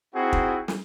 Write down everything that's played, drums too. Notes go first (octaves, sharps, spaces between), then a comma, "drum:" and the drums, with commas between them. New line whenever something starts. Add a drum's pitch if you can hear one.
C4 D#4 E4 F#4 G#4
drum: kick
drum: snare